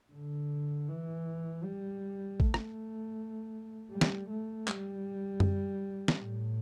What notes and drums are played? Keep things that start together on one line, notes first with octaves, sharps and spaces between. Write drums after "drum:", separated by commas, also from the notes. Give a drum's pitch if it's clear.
D3
E3
G3
A3, drum: kick
drum: rim click
G3
drum: snare
A3
G3, drum: clap
drum: tom F#2
drum: snare
A2